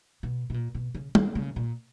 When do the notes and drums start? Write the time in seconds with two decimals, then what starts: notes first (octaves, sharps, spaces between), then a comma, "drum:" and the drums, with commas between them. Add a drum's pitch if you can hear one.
0.23 B2
0.50 B2
0.54 A#2
0.75 B2
0.95 C#3
1.15 D#3, drum: tom
1.35 C#3
1.56 A#2